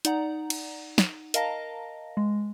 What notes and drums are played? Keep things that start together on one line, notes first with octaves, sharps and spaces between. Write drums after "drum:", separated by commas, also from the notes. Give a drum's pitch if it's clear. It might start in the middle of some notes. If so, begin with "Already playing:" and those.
D#4 D5 F#5 A#5, drum: hi-hat
drum: cymbal
drum: snare
A#4 D#5 F5 A5 A#5 A#6, drum: hi-hat
G#3